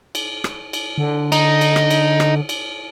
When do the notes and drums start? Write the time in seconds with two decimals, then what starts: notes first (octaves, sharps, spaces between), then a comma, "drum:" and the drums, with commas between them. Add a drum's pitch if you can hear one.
0.15 drum: cymbal
0.44 drum: rim click
0.73 drum: cymbal
0.98 D3
1.32 D#4, drum: cymbal
1.61 drum: cymbal
1.76 drum: rim click
1.90 drum: cymbal
2.20 drum: rim click
2.49 drum: cymbal